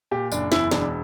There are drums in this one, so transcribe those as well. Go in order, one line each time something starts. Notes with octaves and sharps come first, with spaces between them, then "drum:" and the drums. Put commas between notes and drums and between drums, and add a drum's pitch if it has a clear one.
A#2 G4
F#1 D4, drum: tambourine
E2 E4, drum: snare
E1 D4, drum: snare